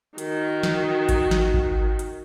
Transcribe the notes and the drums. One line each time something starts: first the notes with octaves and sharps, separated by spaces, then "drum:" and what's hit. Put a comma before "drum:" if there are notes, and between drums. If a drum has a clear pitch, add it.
D#3 F#4, drum: hi-hat
drum: snare
drum: kick G#1, hi-hat
drum: snare
drum: kick G#1
drum: hi-hat